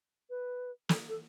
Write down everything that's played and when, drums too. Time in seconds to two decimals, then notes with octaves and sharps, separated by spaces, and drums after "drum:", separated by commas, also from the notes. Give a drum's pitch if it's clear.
0.30 B4
0.89 A4, drum: snare
1.09 A4